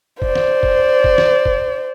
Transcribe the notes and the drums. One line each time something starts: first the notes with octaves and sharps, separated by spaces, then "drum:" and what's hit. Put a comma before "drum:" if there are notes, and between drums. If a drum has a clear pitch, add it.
C5 D5, drum: kick
drum: snare
drum: kick
drum: kick
drum: snare
drum: kick